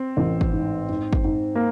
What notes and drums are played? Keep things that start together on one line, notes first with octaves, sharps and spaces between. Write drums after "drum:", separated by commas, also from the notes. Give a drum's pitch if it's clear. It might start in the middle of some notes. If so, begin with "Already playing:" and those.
Already playing: C4
A1
drum: kick
G#2
G#2
drum: kick
G#2
A#3